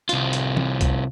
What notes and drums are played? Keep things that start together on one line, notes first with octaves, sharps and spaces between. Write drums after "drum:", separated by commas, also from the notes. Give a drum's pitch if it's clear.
C2 F4, drum: hi-hat
drum: hi-hat
drum: tom
drum: kick C2, hi-hat